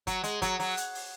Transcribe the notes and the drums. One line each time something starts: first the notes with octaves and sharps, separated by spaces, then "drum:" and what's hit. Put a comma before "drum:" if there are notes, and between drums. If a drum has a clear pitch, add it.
F#3, drum: kick G1, hi-hat
G#3, drum: hi-hat
F#3, drum: kick G1, hi-hat
F#3, drum: open hi-hat
drum: hi-hat
drum: open hi-hat